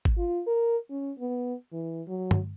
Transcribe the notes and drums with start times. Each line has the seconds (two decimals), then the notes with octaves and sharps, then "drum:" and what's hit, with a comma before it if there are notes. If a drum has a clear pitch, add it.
0.05 drum: kick G#1
0.18 F4
0.47 A#4
0.90 C#4
1.19 B3
1.72 E3
2.08 F#3
2.31 drum: tom